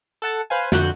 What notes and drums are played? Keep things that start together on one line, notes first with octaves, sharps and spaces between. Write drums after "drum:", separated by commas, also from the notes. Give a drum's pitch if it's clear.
A4 F#5 A5
B4 C5 F5 G#5
F2 D3 F#4 F#6 G6, drum: snare